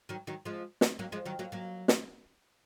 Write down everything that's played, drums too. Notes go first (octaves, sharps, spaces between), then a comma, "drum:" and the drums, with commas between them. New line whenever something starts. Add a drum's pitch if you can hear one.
D#3 F#3
D#3 F#3
F3 G#3
drum: snare
F#3 A#3
F3 G#3
D#3 F#3
F#3 A#3
F#3 A#3
drum: snare